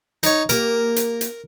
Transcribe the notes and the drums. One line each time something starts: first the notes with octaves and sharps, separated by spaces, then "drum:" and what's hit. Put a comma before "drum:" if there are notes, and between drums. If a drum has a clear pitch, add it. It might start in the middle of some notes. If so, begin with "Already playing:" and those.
D#4 C#5, drum: hi-hat
A#3 G4 A#4, drum: hi-hat
drum: hi-hat
drum: hi-hat